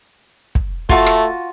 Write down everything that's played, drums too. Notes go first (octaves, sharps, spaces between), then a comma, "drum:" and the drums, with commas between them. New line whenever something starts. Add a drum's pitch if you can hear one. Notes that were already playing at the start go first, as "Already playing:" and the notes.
drum: kick
A3 F4 F#4 A5, drum: kick
drum: rim click